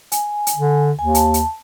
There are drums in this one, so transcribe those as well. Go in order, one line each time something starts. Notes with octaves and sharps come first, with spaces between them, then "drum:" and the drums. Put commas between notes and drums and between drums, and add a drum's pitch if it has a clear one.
G#5, drum: hi-hat
drum: hi-hat
D3
D#2 G#5
A5, drum: hi-hat
drum: hi-hat